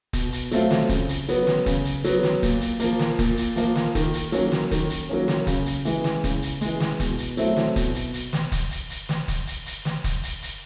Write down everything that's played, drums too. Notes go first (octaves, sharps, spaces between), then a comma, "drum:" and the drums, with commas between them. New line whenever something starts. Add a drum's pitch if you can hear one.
B2, drum: kick, hi-hat
drum: hi-hat
F#3 A3 C4 F4, drum: hi-hat
drum: snare
C#3, drum: kick, hi-hat
drum: hi-hat
F#3 B3, drum: hi-hat
drum: snare
C#3, drum: kick, hi-hat
drum: hi-hat
F#3 B3, drum: hi-hat
drum: snare
A#2, drum: kick, hi-hat
drum: hi-hat
F3 A#3, drum: hi-hat
drum: snare
A#2, drum: kick, hi-hat
drum: hi-hat
F3 A#3, drum: hi-hat
drum: snare
D#3, drum: kick, hi-hat
drum: hi-hat
F#3 A#3 C#4, drum: hi-hat
drum: snare
D#3, drum: kick, hi-hat
drum: hi-hat
F#3 A#3 C#4
drum: snare
C#3, drum: kick, hi-hat
drum: hi-hat
E3 G#3, drum: hi-hat
drum: snare
C#3, drum: kick, hi-hat
drum: hi-hat
E3 G#3, drum: hi-hat
drum: snare
B2, drum: kick, hi-hat
drum: hi-hat
F#3 A3 C4 E4, drum: hi-hat
drum: snare
B2, drum: kick, hi-hat
drum: hi-hat
drum: hi-hat
drum: snare
drum: kick, hi-hat
drum: hi-hat
drum: hi-hat
drum: snare
drum: kick, hi-hat
drum: hi-hat
drum: hi-hat
drum: snare
drum: kick, hi-hat
drum: hi-hat
drum: hi-hat